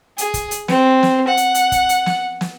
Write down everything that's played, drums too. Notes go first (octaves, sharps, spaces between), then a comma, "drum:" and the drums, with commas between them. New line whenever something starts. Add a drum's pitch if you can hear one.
G#4, drum: hi-hat
drum: kick, hi-hat
drum: hi-hat
C4, drum: snare
drum: snare
F#5
drum: hi-hat
drum: hi-hat
drum: kick, hi-hat
drum: hi-hat
drum: snare
drum: snare